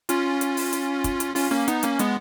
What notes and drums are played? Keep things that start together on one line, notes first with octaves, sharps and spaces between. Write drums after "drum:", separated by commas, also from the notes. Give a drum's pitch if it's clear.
C#4 F4, drum: hi-hat
drum: hi-hat
drum: open hi-hat
drum: hi-hat
drum: kick, hi-hat
drum: hi-hat
C#4 F4, drum: open hi-hat
A#3 C#4
B3 D#4, drum: hi-hat
A#3 C#4, drum: hi-hat
G#3 B3, drum: hi-hat